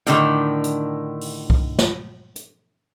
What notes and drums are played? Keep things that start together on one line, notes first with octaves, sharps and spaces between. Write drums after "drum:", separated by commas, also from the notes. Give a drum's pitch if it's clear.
A2 D3 D#3, drum: hi-hat
drum: hi-hat
drum: open hi-hat
drum: kick C2
drum: snare
drum: hi-hat